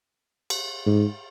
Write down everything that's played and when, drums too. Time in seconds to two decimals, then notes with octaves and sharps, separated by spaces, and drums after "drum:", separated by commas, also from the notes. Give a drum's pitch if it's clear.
0.50 drum: cymbal
0.86 G#2